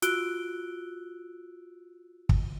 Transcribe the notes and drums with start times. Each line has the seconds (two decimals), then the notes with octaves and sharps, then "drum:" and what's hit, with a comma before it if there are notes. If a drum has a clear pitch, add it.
0.02 F4 F#4 E6 F#6 D7 G7, drum: hi-hat
2.29 drum: kick